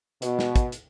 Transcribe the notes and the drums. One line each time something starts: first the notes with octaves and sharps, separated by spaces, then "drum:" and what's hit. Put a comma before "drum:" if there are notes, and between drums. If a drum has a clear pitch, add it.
B2, drum: hi-hat
drum: snare
drum: kick, hi-hat
drum: hi-hat